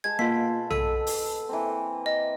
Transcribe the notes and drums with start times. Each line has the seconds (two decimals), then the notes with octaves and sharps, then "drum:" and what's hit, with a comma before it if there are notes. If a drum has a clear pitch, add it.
0.04 G#3 A4 A5 G#6
0.19 B2 A#3 F4 A5 B5 B6
0.71 A4, drum: tom
1.07 drum: open hi-hat
1.49 E3 A#3 C4
2.06 D#5